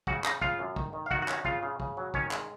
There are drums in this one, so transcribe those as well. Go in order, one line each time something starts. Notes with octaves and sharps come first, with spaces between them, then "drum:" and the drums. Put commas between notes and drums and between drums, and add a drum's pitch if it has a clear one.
C#3 F#4 F#5, drum: kick
C#3 D#4 D#5, drum: clap
C#3 F4 F5, drum: kick
F#2
D#3, drum: kick
D#3
F5
D#3 F#4 F#5, drum: kick
F#4 F#5
C#4, drum: clap
F#4 F#5
C#3 F4 F5, drum: kick
C#3
C#3, drum: kick
F#3
D#3 C#4 C#5, drum: kick
G#3, drum: clap